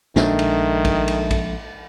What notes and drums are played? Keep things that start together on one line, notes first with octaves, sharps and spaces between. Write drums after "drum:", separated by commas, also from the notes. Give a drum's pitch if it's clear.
A#1 D#3 G#3 A3 D4, drum: snare
drum: cymbal
drum: kick, cymbal
drum: cymbal
drum: kick, cymbal